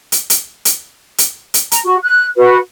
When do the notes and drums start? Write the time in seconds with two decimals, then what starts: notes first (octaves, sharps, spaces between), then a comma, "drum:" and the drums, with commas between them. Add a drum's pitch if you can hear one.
0.12 drum: hi-hat
0.30 drum: hi-hat
0.65 drum: hi-hat
1.18 drum: hi-hat
1.54 drum: hi-hat
1.72 A#5, drum: hi-hat
1.84 F#4
2.03 F#6
2.37 F#4 B4